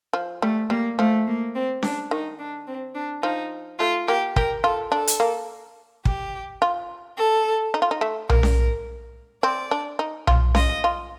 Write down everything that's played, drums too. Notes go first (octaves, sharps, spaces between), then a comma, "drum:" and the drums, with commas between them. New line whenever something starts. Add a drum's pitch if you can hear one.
F3
G3 A3
G3 A#3
F3 A3
A#3
C4
D4, drum: snare C#4
D#3 D#4
D4
C4
D4
F3 D#4
A3 F4
A#3 G4
G4 A#4, drum: kick
F4 A4
D4 A4
drum: hi-hat
A#3
G4, drum: kick
F4
A4
D#4
F4
D#4
A3
A#3 A#4, drum: tom B1
drum: snare C#4
C4 D5
D4
D#4
F4, drum: tom B1
F4 D#5, drum: snare C#4
F4